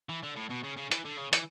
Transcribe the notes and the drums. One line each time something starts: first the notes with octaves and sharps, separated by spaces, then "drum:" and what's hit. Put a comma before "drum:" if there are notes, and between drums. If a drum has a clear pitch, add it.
E3
D3
A2
B2
C#3
C#3
E3, drum: hi-hat
D3
C#3
E3, drum: hi-hat